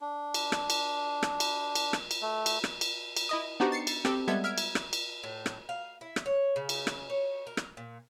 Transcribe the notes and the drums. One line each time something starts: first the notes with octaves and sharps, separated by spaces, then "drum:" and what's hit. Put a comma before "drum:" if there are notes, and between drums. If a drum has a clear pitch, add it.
D4
drum: cymbal
drum: rim click
drum: cymbal
drum: rim click
drum: cymbal
drum: cymbal
drum: rim click
drum: cymbal
A3
drum: cymbal
drum: rim click
drum: cymbal
drum: cymbal
E4 D#5 D#6
B3 D4 D#4 F#4 G4 C5
A6 C7 C#7
drum: cymbal
C4 G4 A4, drum: rim click
G3 G#3 B3 A4 E5 G#6
E5 F6 G#6 D7
drum: cymbal
drum: rim click
drum: cymbal
A2
drum: rim click
F5
E4
drum: rim click
C#5
C#3
drum: cymbal
drum: rim click
C#5
A#4
drum: rim click
A#2